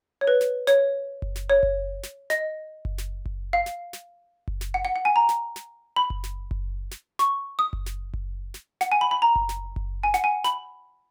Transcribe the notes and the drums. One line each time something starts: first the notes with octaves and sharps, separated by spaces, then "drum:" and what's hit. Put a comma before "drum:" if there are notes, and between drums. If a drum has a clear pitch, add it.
C#5
B4
drum: snare
C#5, drum: snare
drum: kick F#1
drum: snare
C#5
drum: kick F#1
drum: snare
D#5, drum: snare
drum: kick F#1
drum: snare
drum: kick F#1
F5
drum: snare
drum: snare
drum: kick F#1
drum: snare
F#5
F#5
F#5
G#5
A#5
drum: snare
drum: snare
B5
drum: kick F#1
drum: snare
drum: kick F#1
drum: snare
C#6, drum: snare
D#6
drum: kick F#1
drum: snare
drum: kick F#1
drum: snare
F#5, drum: snare
G#5
B5
B5
A#5
drum: kick F#1
drum: snare
drum: kick F#1
G#5
F#5, drum: snare
G#5
B5, drum: snare